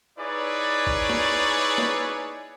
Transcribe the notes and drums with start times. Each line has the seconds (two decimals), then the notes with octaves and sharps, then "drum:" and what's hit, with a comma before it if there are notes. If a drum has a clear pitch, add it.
0.18 D#4 E4 G#4 B4 C#5 D5
0.87 drum: kick A#1
1.10 drum: snare
1.78 drum: snare